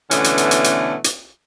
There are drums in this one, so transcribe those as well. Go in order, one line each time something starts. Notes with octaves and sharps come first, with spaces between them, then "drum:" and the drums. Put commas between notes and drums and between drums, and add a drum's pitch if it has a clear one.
B2 D3 E3 A3 B3 C#4, drum: hi-hat
drum: hi-hat
drum: hi-hat
drum: hi-hat
drum: hi-hat
drum: hi-hat